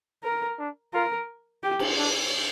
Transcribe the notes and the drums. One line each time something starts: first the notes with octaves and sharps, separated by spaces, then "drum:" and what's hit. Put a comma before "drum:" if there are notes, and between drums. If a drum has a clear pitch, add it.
A#4
D4
F4 A#4
G4
drum: cymbal
D4